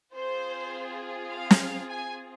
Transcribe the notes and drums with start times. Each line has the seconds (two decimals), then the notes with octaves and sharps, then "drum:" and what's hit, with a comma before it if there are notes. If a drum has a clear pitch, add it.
0.14 C4 F4 G#4 C5
1.30 F5
1.51 drum: snare
1.89 G#5